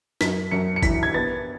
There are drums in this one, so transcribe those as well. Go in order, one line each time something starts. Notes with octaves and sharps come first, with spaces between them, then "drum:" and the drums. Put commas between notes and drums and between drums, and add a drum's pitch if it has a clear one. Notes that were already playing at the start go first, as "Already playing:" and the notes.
F#2 B6, drum: snare
F#2 C#7
C#7
E3 B6, drum: kick G#1, tambourine
G#6
B3 A6